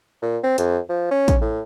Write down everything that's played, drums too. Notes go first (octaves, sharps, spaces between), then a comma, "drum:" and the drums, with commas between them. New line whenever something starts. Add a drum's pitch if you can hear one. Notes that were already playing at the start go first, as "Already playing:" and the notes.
A#2
C4
F2, drum: hi-hat
F3
C#4
drum: kick, hi-hat
A2